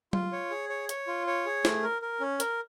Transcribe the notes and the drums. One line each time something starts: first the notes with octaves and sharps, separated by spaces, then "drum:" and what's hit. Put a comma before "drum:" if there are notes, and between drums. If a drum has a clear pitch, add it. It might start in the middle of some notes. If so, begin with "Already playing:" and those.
F4, drum: tom F#3
C#5
G#4
C#5
C#5, drum: hi-hat
F4
C#5
G#4
A3, drum: snare
A#4
A#4
C#4
A#4, drum: hi-hat